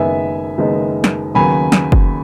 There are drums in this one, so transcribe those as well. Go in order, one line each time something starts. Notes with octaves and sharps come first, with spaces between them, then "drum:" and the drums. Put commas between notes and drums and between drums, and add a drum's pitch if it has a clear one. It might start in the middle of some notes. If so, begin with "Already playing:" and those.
Already playing: F#1 F#2 D#3 G#3 B3 E5 G#5
F#1 F#2 D#3 G#3 B3
drum: snare
D#2 C#3 F#3 B3 G#5 B5
drum: snare
drum: kick F#1